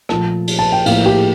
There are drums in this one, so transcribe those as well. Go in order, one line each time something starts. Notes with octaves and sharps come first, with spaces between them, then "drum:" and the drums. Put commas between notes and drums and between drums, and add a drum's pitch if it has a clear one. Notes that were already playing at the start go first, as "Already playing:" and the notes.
A#2 F3 A3 A5, drum: rim click
drum: cymbal
A5
G5
A2 F3 A#3 F5, drum: cymbal
G4